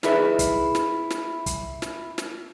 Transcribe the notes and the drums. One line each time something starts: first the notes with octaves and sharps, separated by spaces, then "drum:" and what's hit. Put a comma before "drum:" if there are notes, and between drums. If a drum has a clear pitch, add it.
D#4 E4 G#4 B4 D#5 E5, drum: snare
drum: kick, hi-hat
drum: snare
drum: snare
drum: kick, hi-hat
drum: snare
drum: snare